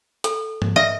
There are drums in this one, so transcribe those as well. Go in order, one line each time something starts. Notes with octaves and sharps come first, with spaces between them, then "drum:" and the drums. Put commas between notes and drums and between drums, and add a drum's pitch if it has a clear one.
A4, drum: hi-hat
drum: tom G#2
B4 D#5 E5